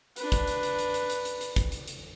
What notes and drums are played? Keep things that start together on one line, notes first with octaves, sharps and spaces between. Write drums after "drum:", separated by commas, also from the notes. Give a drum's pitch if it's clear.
D4 B4, drum: hi-hat
drum: kick, hi-hat
drum: hi-hat
drum: hi-hat
drum: hi-hat
drum: hi-hat
drum: hi-hat
drum: hi-hat
drum: hi-hat
drum: kick, hi-hat
drum: hi-hat
drum: hi-hat